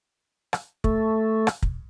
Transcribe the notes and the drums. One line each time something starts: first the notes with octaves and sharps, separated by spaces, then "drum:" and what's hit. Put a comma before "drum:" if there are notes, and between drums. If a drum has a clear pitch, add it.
drum: rim click
A3, drum: kick
drum: rim click
drum: kick